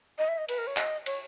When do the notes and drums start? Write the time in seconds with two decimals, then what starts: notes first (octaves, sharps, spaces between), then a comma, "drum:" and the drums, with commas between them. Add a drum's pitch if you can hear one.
0.18 D#5
0.28 E5
0.38 D#5
0.48 B4, drum: cymbal
0.58 A#4
0.67 C#5
0.77 D#5, drum: clap
1.06 C#5, drum: cymbal